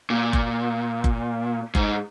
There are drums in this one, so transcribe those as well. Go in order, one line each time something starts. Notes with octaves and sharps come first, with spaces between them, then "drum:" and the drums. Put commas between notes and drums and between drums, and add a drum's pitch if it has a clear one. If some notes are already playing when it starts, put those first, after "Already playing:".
A#2
drum: kick F#1
drum: kick F#1
G#2, drum: kick F#1